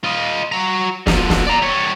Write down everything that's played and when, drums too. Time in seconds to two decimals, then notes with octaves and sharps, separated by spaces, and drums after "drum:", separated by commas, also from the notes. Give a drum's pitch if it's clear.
0.04 F4 D#5
0.52 F#4 A#5
1.07 D3 F3, drum: snare
1.30 drum: snare
1.47 D5 A#5
1.62 G3 C#5